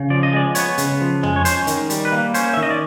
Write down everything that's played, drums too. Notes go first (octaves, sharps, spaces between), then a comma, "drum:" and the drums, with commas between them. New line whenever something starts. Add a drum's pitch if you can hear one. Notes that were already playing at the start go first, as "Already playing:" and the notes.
Already playing: C#3
F3 D5
D#5
G#3 D5
B3 C#5, drum: hi-hat
C#3, drum: hi-hat
F3
G#3, drum: tom
C#5
C#4 C5, drum: hi-hat
D#3, drum: hi-hat
G3, drum: hi-hat
B4
A#3
C#4 C5, drum: hi-hat
D#3 E5
D#5
D5